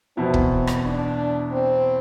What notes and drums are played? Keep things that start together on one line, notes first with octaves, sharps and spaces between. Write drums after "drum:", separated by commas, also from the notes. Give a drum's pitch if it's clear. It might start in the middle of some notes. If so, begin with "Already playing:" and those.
E2 B2 B3 C4 E4
drum: kick
drum: rim click
D4
C4